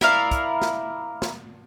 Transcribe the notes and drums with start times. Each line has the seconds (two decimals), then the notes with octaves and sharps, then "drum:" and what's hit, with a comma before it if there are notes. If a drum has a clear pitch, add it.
0.01 E4 A#4 D5 F5, drum: snare
0.31 drum: kick, hi-hat
0.62 drum: snare
1.22 drum: snare